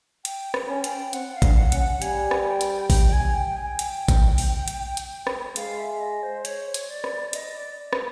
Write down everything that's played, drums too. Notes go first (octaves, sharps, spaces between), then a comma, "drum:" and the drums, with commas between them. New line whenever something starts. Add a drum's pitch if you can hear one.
G5, drum: hi-hat
drum: rim click
C#4
G5, drum: hi-hat
C4 F#5, drum: hi-hat
F5
D4, drum: kick A1, hi-hat
F#5
C#4, drum: hi-hat
F#5
G3 G#5, drum: hi-hat
drum: rim click
G5
drum: hi-hat
G5, drum: kick A1, open hi-hat
G#5
G5
G#5
G5, drum: hi-hat
drum: kick A1, hi-hat
drum: open hi-hat
drum: hi-hat
drum: hi-hat
drum: rim click
G#3 F5, drum: hi-hat
E5
D#5
C5
C#5, drum: hi-hat
drum: hi-hat
D5
drum: rim click
D#5, drum: hi-hat
D5
drum: rim click